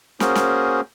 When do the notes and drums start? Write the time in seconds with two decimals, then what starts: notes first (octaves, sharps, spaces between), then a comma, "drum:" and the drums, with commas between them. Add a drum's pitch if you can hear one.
0.20 A#3 C#4 F#4 G#4 A#4 C5, drum: snare
0.35 drum: snare